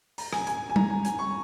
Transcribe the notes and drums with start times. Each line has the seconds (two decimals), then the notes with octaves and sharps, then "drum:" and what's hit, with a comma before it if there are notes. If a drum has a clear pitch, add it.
0.18 A#5, drum: open hi-hat
0.33 G#5, drum: rim click
0.47 G#5, drum: hi-hat
0.70 G#5
0.76 A#5, drum: tom G3
0.90 G#5
1.05 G#5, drum: hi-hat
1.19 C#6